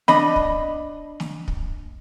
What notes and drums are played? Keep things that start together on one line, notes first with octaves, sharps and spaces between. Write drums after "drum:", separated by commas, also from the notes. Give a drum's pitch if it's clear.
D4 D#5 B5, drum: snare
drum: kick
drum: snare
drum: kick